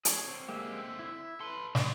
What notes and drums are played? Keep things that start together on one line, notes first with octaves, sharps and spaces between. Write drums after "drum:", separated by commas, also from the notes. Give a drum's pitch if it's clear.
G#4 A4 C#5, drum: hi-hat
D3 C4
G#3 A#3 G4 E5
E4
A4 B4 C6
D2, drum: snare